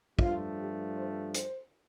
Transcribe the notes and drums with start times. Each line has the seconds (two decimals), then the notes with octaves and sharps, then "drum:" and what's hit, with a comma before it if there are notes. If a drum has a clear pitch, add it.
0.19 G2 F3 A3 F4, drum: kick
0.57 G4
0.96 C5
1.34 C5, drum: hi-hat